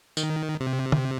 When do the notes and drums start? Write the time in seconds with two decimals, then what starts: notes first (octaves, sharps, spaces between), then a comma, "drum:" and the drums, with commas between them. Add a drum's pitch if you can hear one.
0.17 D#3, drum: tambourine
0.60 C3
0.92 drum: tom